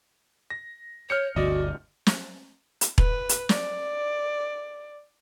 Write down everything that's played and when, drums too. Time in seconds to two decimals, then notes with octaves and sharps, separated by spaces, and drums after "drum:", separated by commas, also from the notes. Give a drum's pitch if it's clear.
0.50 A#6
1.10 C#5 F6 G6 C#7
1.36 G1 D2 F#4 D5 D#5
2.07 drum: snare
2.81 drum: hi-hat
2.98 B4, drum: kick E1
3.29 drum: hi-hat
3.49 D5, drum: snare